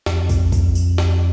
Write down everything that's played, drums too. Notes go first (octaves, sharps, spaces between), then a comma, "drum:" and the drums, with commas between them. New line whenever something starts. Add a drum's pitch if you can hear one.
F2, drum: snare
drum: kick, tambourine
drum: kick, tambourine
drum: tambourine
drum: snare